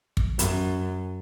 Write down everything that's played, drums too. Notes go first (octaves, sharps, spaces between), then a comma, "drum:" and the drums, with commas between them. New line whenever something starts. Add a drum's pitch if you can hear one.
drum: kick
F#2, drum: hi-hat